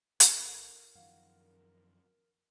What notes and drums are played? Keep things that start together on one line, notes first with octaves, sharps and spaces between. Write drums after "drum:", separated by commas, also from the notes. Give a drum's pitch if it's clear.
G1 F4 A4 A#4 E5, drum: hi-hat
F#2 D#3 F3 F5 F#5